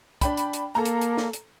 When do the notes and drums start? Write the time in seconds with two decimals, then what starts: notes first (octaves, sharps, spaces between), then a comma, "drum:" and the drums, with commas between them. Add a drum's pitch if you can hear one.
0.21 D4 G5 B5, drum: kick, hi-hat
0.37 drum: hi-hat
0.53 drum: hi-hat
0.75 A#3 A4 A#5
0.85 drum: hi-hat
1.01 drum: hi-hat
1.17 drum: snare
1.33 drum: hi-hat